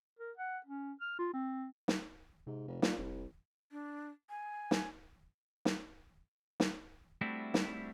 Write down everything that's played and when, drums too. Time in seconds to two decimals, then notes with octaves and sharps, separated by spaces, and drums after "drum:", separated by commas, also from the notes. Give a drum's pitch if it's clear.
0.19 A#4
0.37 F#5
0.66 C#4
1.01 F6
1.19 F4
1.34 C4
1.88 drum: snare
2.47 G#2 C3
2.68 F1
2.82 A#2, drum: snare
2.98 F1 C2
3.72 D4
4.30 G#5
4.71 drum: snare
5.65 drum: snare
6.60 drum: snare
7.21 G3 A3 C4 D4 E4 F#4
7.54 drum: snare